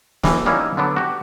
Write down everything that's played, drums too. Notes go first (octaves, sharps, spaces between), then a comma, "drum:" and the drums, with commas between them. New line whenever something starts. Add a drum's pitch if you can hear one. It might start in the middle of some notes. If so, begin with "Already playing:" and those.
A2 E3, drum: snare
G3 A#3 C#4 D#4 E4
D3 F#3 B3 D4
F#4 G4